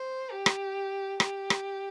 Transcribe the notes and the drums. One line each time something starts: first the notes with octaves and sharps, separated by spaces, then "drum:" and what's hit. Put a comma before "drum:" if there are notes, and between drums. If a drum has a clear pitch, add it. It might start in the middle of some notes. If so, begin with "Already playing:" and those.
Already playing: C5
G4
drum: rim click
G4, drum: rim click
drum: rim click